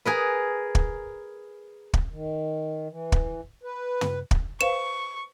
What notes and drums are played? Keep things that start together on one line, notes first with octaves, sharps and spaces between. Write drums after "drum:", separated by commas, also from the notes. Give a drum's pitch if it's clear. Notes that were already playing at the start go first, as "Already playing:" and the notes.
G#4 A#4 B4
drum: kick
drum: kick
D#3
E3
drum: kick
B4
drum: tom
drum: kick
B4 C5 F5 C#6 E7